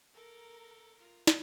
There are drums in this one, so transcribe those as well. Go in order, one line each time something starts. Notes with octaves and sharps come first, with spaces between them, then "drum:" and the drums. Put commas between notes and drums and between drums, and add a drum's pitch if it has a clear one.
A4 A#4
F4 A#4
drum: snare